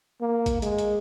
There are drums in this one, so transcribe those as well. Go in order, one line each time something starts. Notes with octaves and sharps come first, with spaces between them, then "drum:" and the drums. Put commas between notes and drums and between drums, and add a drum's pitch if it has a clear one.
A#3
drum: kick, hi-hat
G#3, drum: hi-hat
drum: hi-hat